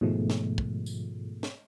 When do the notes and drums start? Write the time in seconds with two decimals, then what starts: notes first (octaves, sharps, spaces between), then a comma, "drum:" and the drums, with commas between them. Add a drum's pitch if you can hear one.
0.01 G#2 B2 D#3 F3 G#3 A3
0.30 drum: snare
0.58 drum: kick
0.86 drum: tambourine
1.43 drum: snare